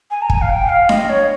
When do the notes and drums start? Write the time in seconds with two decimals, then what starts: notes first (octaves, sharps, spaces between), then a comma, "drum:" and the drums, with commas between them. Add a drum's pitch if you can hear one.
0.11 G#5
0.22 A#5
0.30 G#5, drum: kick
0.41 F5
0.50 G5
0.69 F5
0.89 D#5, drum: snare D4
1.09 C#5